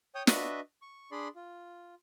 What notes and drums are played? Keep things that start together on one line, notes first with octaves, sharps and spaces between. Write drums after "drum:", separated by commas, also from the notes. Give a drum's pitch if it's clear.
C#5 G5 D#6
D4 F#4 B4 D#5 E5, drum: snare
C#6
D4 G#4 D5 B5 C6
F4